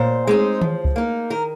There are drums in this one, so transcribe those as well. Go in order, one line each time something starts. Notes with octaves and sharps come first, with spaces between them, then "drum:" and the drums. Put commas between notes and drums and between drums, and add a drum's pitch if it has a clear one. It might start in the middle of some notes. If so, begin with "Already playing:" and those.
Already playing: A#2 C5
G#3 C4 D#4
F3, drum: tom D#3
drum: kick C#2
A#3 D#4
D#3 A#4